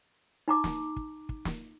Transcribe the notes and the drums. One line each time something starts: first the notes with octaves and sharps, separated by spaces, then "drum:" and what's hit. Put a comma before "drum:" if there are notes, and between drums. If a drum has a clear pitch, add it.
D#4 A#5 D6
drum: snare
drum: kick
drum: kick
drum: snare